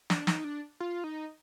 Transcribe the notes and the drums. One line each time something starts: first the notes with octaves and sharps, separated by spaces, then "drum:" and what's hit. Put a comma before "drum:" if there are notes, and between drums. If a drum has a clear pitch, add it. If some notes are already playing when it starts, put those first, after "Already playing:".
D4, drum: snare
D#4, drum: snare
D4
F4
D#4